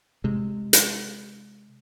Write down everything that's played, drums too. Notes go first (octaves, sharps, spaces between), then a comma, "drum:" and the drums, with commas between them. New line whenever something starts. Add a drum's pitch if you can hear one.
C3 G#3
drum: hi-hat